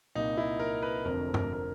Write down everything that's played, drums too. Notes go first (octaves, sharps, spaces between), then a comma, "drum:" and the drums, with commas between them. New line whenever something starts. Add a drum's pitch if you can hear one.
C2 A#2 D#4
E4
A#4
B4
F1 F2 D3 A#4
A#4, drum: tom
A#4